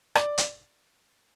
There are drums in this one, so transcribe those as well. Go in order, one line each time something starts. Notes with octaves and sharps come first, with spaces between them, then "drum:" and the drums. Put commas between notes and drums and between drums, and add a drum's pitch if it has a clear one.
D5, drum: rim click
drum: hi-hat